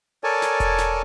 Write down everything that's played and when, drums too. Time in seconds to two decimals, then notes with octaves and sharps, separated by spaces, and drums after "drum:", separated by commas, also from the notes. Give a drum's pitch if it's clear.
0.24 A4 A#4 C#5 D5 G#5 A5
0.42 drum: snare
0.60 drum: kick E1, hi-hat
0.78 drum: snare